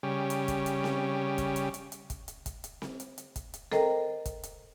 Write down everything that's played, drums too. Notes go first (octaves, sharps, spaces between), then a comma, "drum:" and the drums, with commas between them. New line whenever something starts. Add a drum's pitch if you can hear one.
C#3 G3
drum: hi-hat
drum: kick, hi-hat
drum: hi-hat
drum: snare C4
drum: kick, hi-hat
drum: hi-hat
drum: hi-hat
drum: hi-hat
drum: kick, hi-hat
drum: hi-hat
drum: kick, hi-hat
drum: hi-hat
drum: snare C4
drum: hi-hat
drum: hi-hat
drum: kick, hi-hat
drum: hi-hat
A4 A#4 C5 D#5 G5 A#5, drum: snare C4
drum: kick, hi-hat
drum: hi-hat